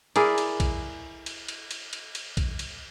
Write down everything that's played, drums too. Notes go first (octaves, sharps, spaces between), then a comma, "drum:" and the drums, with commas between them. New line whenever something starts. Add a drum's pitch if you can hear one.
E4 G#4 A#4 D5, drum: cymbal
drum: cymbal
drum: kick, cymbal
drum: cymbal
drum: cymbal
drum: cymbal
drum: cymbal
drum: cymbal
drum: kick, cymbal
drum: cymbal